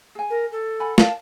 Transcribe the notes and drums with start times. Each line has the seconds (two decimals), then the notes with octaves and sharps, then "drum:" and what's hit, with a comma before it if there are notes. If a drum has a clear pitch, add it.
0.15 G#4 G#5
0.30 A#4
0.52 A4
0.80 F#5 G#5 B5
0.98 A#4 D5 F5 A5, drum: snare